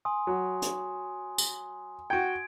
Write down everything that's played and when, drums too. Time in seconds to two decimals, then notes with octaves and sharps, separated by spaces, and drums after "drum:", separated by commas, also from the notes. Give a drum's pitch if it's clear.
0.05 G#5 C6 D#6
0.27 F#3
0.62 drum: hi-hat
1.38 drum: tambourine
2.10 F#4 G5 G#6 D7